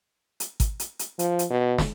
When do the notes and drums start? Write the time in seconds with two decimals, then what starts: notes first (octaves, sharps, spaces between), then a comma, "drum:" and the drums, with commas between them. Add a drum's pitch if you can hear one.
0.40 drum: hi-hat
0.60 drum: kick, hi-hat
0.80 drum: hi-hat
0.99 drum: hi-hat
1.19 F3, drum: hi-hat
1.39 drum: hi-hat
1.50 B2
1.78 drum: snare